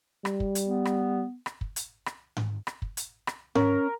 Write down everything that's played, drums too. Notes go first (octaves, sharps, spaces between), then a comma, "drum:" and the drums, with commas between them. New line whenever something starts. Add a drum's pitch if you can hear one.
G3, drum: rim click
drum: kick
drum: hi-hat
B3
drum: rim click
drum: rim click
drum: kick
drum: hi-hat
drum: rim click
drum: tom G#2
drum: rim click
drum: kick
drum: hi-hat
drum: rim click
C#4 A#4, drum: tom G#2